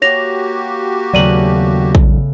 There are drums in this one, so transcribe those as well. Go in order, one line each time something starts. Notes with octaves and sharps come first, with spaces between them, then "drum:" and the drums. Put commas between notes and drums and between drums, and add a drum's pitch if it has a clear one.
A#3 F#4 G4 C#5 A#6 F7
D#2 C#3 F#3 A3 B3 D5 D#7 F#7
drum: kick